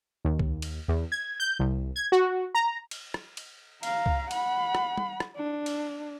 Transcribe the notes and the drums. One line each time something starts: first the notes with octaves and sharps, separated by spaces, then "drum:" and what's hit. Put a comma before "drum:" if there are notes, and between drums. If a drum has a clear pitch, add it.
D#2
drum: kick C2
drum: cymbal
E2
G#6
G6
C2
G#6
F#4
A#5
drum: cymbal
drum: rim click
drum: cymbal
F5 A#5, drum: cymbal
drum: kick C2
F#5 B5, drum: cymbal
drum: rim click
drum: tom
drum: rim click
D4
drum: cymbal